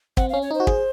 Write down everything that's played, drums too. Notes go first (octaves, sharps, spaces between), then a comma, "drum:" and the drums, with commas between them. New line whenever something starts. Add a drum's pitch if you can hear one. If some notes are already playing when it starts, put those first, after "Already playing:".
C4 F#5, drum: kick
F5
C#4
C#5
D#4 C5
F#4
G#4, drum: kick